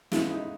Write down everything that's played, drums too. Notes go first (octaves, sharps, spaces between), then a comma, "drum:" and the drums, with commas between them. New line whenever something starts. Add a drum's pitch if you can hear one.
E2 C#3 G#3 B3 E4, drum: snare
D#4